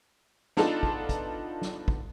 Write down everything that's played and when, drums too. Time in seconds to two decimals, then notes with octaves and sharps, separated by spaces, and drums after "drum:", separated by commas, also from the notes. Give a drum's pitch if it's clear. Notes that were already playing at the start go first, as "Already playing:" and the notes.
0.57 B3 D4 D#4 F4 A4, drum: snare
0.83 drum: kick
1.09 drum: kick, hi-hat
1.62 drum: snare
1.88 drum: kick